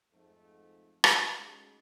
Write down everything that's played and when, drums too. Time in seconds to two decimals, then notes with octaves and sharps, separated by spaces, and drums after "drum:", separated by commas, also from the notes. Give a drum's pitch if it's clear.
0.12 F2 G#2 A3
1.04 drum: rim click
1.38 G#3 A3 C#4 D#4 F#4 G#4